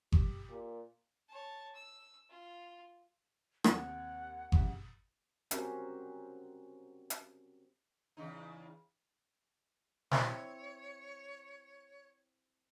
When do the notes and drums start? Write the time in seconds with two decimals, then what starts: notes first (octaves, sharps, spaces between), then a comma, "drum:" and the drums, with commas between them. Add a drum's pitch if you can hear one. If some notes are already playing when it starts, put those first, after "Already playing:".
0.12 G4, drum: kick G1
0.49 A#2
1.29 C#5 A5
1.75 E6
2.30 F4
3.64 D#2 C3 C#5 F#5, drum: rim click
4.52 A1 C#3 G4, drum: kick G1
5.51 C4 C#4 F#4 G4 A#4 C5, drum: hi-hat
7.10 drum: hi-hat
8.17 E2 C#3 D#4
10.11 C4 E4 C#5, drum: snare